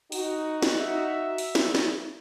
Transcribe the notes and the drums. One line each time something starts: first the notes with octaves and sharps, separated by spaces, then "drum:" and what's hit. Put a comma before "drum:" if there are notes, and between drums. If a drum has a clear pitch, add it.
D#4 F#4, drum: open hi-hat
drum: snare
E5
drum: open hi-hat
drum: snare
drum: snare